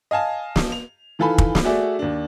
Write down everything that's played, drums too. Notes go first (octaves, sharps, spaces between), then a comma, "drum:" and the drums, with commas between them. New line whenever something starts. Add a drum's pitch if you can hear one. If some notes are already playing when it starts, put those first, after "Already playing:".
D#5 F5 G#5 A5
drum: snare
F7
D#3 E3 F4 A4 G#5 B5
drum: kick
drum: snare
A3 F#4 G#4 D5 E5
D#2 D4